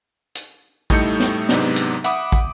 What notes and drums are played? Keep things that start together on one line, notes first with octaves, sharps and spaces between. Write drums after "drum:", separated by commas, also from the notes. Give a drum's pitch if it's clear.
drum: hi-hat
A2 G3 A3 D#4 G6 C#7, drum: kick
drum: snare
G#2 C3 F#3 B3 D4 D#4, drum: snare
drum: hi-hat
E5 F#5 B5 D6 D#6, drum: hi-hat
drum: kick